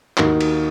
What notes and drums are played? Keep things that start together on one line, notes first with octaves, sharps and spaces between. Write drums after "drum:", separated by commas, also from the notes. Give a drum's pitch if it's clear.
D#2 D#3 A#3 D#4 F#4, drum: clap
drum: cymbal